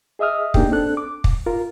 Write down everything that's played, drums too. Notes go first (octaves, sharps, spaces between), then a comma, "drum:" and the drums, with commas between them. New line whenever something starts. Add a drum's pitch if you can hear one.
G#4 D#5 E5 D#6 F6
A#3 D4 D#4 G4 G#4 G5, drum: kick
C4 D4 A4 F#6
D6
drum: kick
F4 A#4